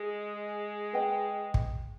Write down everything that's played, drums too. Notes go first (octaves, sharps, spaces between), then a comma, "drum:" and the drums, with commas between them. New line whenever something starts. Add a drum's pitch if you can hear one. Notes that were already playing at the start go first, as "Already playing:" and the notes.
Already playing: G#3
B4 D#5 G5
drum: kick